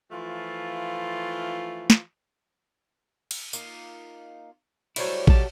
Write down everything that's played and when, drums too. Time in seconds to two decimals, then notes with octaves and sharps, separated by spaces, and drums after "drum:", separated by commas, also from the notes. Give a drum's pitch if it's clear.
0.12 E3 F3 A3 F4
1.90 drum: snare
3.31 drum: cymbal
3.53 A#3 D#4 F4, drum: tambourine
4.96 F#3 G3 A3 E4 C5 C#5, drum: cymbal
5.27 B1 G4 A5, drum: kick A1